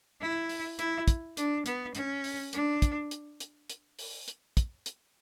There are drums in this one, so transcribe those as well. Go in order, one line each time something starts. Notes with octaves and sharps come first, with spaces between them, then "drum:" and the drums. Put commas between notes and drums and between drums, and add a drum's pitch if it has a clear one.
E4
drum: open hi-hat
E4, drum: hi-hat
drum: kick, hi-hat
D4, drum: hi-hat
B3, drum: hi-hat
C#4, drum: hi-hat
drum: open hi-hat
D4, drum: hi-hat
drum: kick, hi-hat
drum: hi-hat
drum: hi-hat
drum: hi-hat
drum: open hi-hat
drum: hi-hat
drum: kick, hi-hat
drum: hi-hat